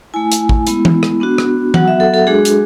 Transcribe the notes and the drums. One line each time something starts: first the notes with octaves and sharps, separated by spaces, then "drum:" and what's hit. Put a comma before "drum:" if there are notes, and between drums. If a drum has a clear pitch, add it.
A3 E4 G#5
drum: hi-hat
drum: kick A1
G#3 B3 E4, drum: hi-hat
drum: tom E3
drum: rim click
B3 D4 F#4
drum: rim click
F#3 B3 F#4 F#5, drum: tom E3
E5
A4
A4
G#3 D4 F#4 G#4
drum: hi-hat